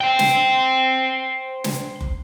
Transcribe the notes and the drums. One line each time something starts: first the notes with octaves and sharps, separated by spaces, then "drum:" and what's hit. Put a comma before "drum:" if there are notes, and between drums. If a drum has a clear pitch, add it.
C5 G5
drum: snare
drum: snare
drum: kick